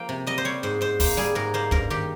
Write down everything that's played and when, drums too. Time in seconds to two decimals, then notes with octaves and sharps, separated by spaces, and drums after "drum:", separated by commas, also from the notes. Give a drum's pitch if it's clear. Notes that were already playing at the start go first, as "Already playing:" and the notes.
Already playing: F3 A#3 F5 G5
0.09 C3
0.27 G3 D#5
0.38 C5
0.45 G3 C#5
0.63 G#2 C5
0.81 G#2 C5
1.00 A#3 C5, drum: kick, open hi-hat
1.17 G3 G#4
1.35 G#2 A#4
1.54 A#3 C5
1.71 G2 A#4, drum: kick
1.90 D#3 G4